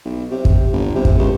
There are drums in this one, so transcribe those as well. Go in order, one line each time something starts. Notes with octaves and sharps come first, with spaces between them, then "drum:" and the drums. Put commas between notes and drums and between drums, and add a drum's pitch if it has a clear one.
B1
C3
drum: kick
G1
C3
drum: kick
C#2